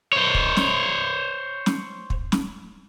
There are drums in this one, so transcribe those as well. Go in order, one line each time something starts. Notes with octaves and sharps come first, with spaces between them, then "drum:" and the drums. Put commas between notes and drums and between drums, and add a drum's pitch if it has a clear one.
C5 C#5
drum: kick
drum: snare
drum: snare
drum: kick
drum: snare